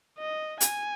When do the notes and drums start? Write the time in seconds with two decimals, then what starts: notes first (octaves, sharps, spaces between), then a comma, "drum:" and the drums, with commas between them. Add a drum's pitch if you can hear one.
0.19 D#5
0.61 G#5, drum: hi-hat